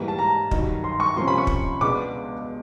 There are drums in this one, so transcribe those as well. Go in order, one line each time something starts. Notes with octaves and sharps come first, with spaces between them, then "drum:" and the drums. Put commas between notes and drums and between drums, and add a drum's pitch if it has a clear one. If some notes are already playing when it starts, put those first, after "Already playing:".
Already playing: G#2 E3 G3 A#3
A5
A#5
G2 D#3 F#3, drum: kick
C6
C#6
C3 F3 A#3 C#4 C6
B5
C#6
drum: kick
C#2 B2 G#3 B3 D4 D6